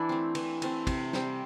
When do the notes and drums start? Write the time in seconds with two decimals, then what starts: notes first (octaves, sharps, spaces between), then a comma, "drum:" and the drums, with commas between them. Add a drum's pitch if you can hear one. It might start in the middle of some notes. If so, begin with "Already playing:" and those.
Already playing: E3 D4 E4
0.09 A3 C4
0.35 E3, drum: cymbal
0.62 A3 C4, drum: cymbal
0.87 C3, drum: kick, cymbal
1.13 G3 C4, drum: snare